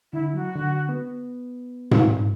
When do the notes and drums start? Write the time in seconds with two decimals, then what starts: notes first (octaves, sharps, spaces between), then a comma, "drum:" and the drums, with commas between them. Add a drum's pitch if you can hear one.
0.13 D3 E4
0.34 F#3 F#4
0.55 D3
0.89 B3
1.91 drum: tom G#2